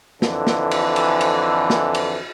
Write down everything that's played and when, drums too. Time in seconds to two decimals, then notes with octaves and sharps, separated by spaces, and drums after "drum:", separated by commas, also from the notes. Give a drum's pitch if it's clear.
0.22 F2 D3 E3, drum: snare
0.47 drum: snare
0.71 drum: cymbal
0.96 drum: cymbal
1.21 drum: cymbal
1.70 drum: snare
1.95 drum: cymbal